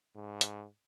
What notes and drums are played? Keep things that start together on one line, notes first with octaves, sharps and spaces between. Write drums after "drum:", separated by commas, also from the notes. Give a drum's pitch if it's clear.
G#2
drum: hi-hat